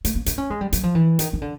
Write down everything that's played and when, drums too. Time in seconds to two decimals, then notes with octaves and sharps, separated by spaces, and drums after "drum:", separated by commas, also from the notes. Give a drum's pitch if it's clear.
0.05 A3, drum: hi-hat
0.15 A#3
0.26 D4, drum: hi-hat
0.38 C#4
0.50 G#3
0.61 G3
0.72 F#3, drum: hi-hat
0.83 F3
0.95 E3
1.19 D#3, drum: hi-hat
1.33 D#3
1.42 D3